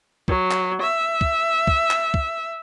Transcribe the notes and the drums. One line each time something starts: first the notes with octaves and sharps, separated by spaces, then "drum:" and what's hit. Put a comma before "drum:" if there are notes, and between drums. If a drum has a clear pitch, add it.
F#3, drum: kick
drum: clap
E5
drum: kick
drum: kick
drum: clap
drum: kick